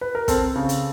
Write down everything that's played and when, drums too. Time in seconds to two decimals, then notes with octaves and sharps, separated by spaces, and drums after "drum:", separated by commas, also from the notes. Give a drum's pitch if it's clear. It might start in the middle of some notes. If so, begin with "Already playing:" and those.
0.01 B4
0.15 A#4
0.28 C4 A4, drum: kick, hi-hat
0.55 C#3
0.69 drum: hi-hat